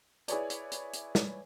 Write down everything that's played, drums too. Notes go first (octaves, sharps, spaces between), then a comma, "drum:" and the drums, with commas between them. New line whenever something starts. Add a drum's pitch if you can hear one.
E4 G#4 B4 C#5 D5, drum: hi-hat
drum: hi-hat
drum: hi-hat
drum: hi-hat
drum: snare